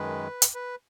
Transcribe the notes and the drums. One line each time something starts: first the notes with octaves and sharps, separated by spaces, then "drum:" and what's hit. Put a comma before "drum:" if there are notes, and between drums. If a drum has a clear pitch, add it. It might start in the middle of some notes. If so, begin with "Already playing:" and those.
Already playing: F#2 D#3 G#3 B4
drum: hi-hat
B4